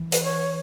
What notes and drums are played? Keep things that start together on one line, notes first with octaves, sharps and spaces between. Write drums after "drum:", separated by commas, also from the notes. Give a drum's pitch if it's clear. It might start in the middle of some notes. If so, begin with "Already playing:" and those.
Already playing: E3
B4, drum: hi-hat
C#5